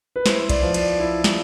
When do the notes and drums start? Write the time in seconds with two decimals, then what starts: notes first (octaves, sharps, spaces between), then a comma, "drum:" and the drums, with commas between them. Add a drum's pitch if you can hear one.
0.16 B4
0.26 E4 C5, drum: snare
0.49 D5, drum: kick C2, cymbal
0.62 F3
0.74 D5, drum: cymbal
1.00 E4
1.24 drum: snare